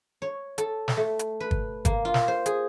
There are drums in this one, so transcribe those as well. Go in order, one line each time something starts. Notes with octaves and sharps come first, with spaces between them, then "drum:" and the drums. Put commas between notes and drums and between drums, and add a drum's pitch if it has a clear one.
C#5
A4, drum: hi-hat
drum: snare
A3
drum: hi-hat
B4
drum: kick
A#3, drum: kick, hi-hat
F4
drum: snare
C5
G#4, drum: hi-hat